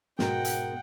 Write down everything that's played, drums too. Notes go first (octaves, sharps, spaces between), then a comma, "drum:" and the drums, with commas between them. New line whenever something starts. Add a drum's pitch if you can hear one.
G#2 B2 G#3 A#4 F#5 G5, drum: snare
drum: hi-hat